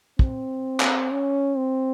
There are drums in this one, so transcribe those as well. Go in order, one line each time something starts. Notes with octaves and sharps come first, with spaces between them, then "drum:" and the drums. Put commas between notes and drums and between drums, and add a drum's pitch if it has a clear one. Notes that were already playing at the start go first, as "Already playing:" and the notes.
C4, drum: kick
drum: clap
C#4
C4